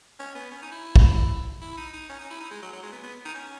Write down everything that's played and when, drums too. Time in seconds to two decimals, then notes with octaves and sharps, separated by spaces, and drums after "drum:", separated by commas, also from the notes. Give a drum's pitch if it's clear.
0.19 C#4
0.35 B3
0.51 C#4
0.62 D#4
0.72 E4
0.96 drum: kick
1.61 E4
1.77 D#4
1.93 D#4
2.09 C#4
2.19 D#4
2.30 E4
2.41 D#4
2.51 G#3
2.62 F#3
2.73 F#3
2.83 G#3
2.92 B3
3.03 B3
3.25 D#4
3.35 C#4